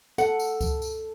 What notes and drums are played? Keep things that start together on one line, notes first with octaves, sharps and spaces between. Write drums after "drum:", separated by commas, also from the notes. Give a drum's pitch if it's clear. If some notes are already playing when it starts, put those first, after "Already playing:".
A4 F#5, drum: tambourine
drum: tambourine
drum: kick C#2, tambourine
drum: tambourine